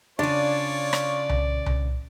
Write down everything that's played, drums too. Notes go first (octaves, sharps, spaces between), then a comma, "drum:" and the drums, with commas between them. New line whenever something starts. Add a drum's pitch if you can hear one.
C#3 D4 F4 C#5 D5 G#5
drum: rim click
drum: tom C2
drum: tom C2